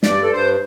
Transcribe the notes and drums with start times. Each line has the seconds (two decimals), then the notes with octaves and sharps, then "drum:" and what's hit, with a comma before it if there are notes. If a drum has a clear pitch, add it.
0.03 G2 D5, drum: snare
0.23 A4
0.32 G2 C5